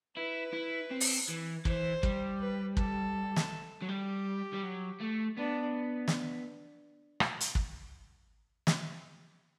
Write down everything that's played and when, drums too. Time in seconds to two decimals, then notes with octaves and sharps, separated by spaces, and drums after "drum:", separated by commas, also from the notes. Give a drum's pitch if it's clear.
0.16 E4 B4
0.53 E4
0.91 C4
1.00 drum: open hi-hat
1.28 E3
1.65 E3 C5, drum: kick
2.03 G3, drum: kick
2.39 B4
2.77 A4, drum: kick
3.36 drum: snare
3.82 F#3
3.89 G3 G4
4.54 G3
4.63 F#3
5.01 A3
5.38 B3 D4
6.08 drum: snare
7.20 drum: rim click
7.40 drum: hi-hat
7.55 drum: kick
8.67 drum: snare